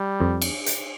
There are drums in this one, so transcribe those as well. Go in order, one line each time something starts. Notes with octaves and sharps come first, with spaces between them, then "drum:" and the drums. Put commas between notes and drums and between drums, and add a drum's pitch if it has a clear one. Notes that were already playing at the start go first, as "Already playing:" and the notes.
Already playing: G3
F2
drum: cymbal
drum: hi-hat